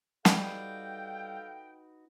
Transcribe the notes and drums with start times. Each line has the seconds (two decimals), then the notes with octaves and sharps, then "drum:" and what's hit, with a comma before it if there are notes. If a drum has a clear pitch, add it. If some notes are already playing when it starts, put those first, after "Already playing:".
0.25 G3 D#4 F#4 A4 B4 F5 G5, drum: snare